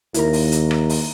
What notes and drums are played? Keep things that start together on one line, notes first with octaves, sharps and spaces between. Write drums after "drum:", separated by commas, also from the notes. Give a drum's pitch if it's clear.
D#2 E4 A#4 A#5, drum: hi-hat
drum: open hi-hat
drum: hi-hat
drum: rim click
drum: open hi-hat